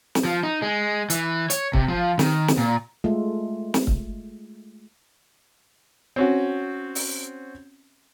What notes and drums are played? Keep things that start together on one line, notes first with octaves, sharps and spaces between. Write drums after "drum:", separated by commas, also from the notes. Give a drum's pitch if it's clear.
drum: snare
F3
D#4
G#3
E3, drum: hi-hat
C#5, drum: hi-hat
C3, drum: kick C#1
F3
D#3, drum: snare
drum: snare
A#2
G#3 A3 F4
drum: snare
drum: kick C#1
C4 C#4 F#4
drum: open hi-hat